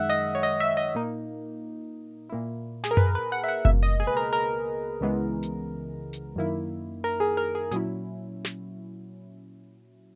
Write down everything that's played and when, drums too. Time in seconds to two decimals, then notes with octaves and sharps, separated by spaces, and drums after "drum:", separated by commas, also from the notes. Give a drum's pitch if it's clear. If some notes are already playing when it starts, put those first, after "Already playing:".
Already playing: F#2 D#3 G#3 E5 F#5
0.10 D#5, drum: hi-hat
0.35 C#5
0.43 D#5
0.60 E5
0.77 D#5
0.95 A#2 A#3 D#4
2.30 A#2 A#3 E4
2.84 G#4, drum: snare
2.91 A#4
2.97 B4, drum: tom F#2
3.15 B4
3.32 F#5
3.44 E5
3.49 F#5
3.65 C#2 B2 A#3 E5, drum: kick F#1
3.83 D#5
4.00 G#4
4.07 B4
4.17 A#4
4.33 A#4
5.01 C#2 C#3 E3 G#3 B3
5.43 drum: hi-hat
6.13 drum: hi-hat
6.36 F#2 D#3 A#3 E4
7.04 A#4
7.20 G#4
7.37 A#4
7.55 G#4
7.71 A#2 F#3 C#4 E4 G#4, drum: hi-hat
8.45 drum: snare